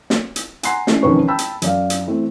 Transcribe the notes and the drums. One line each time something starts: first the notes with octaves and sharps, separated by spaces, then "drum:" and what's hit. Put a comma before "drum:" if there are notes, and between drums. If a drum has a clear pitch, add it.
drum: snare
drum: hi-hat
F#5 G#5 A#5 C6 C7, drum: hi-hat
E3 A3 C#4 D4, drum: snare
E1 F2 D#3 C#4 B4 C#6
G5 A5 B5 E6
drum: hi-hat
F#2 D5 F5, drum: hi-hat
drum: hi-hat
E3 A3 C4